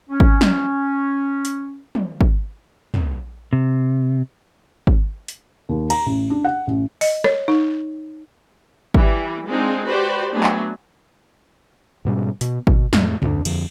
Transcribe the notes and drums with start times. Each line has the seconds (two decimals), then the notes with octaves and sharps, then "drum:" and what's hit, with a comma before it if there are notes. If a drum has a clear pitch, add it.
0.10 C#4
0.20 drum: kick G#1
0.41 C#4, drum: snare
1.45 drum: hi-hat
1.95 drum: tom
2.21 drum: kick G#1
2.94 drum: tom
3.53 C3
4.87 drum: kick G#1
5.28 drum: hi-hat
5.69 D#2
5.90 A#5, drum: cymbal
6.06 A1
6.30 D4
6.44 F#5
6.67 A1
7.01 D#5, drum: open hi-hat
7.24 C#5, drum: rim click
7.48 D#4
8.94 E3 G3, drum: kick G#1
9.48 G#3 C4 D4 D#4 F4 G#4
9.86 F#4 G4 B4 C5 D5
10.33 F#3 A3 B3 D4 G#4
10.43 drum: clap
12.05 G#2 B2 G3 C#4
12.41 B2 B3, drum: hi-hat
12.67 B2, drum: kick G#1
12.93 F2 A2 G#3 A3, drum: snare
13.22 D2 D3 F3 D4, drum: tom
13.45 F2 D3 F3, drum: cymbal